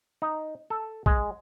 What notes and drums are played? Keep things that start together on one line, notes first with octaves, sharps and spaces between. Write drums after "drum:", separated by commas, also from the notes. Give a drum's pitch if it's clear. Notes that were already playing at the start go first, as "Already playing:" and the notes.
D#4
A4
G#3, drum: kick